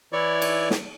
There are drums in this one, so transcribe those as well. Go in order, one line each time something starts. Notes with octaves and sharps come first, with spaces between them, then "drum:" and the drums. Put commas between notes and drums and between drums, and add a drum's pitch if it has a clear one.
E3 E4 C#5 D5 C#6
drum: cymbal
drum: snare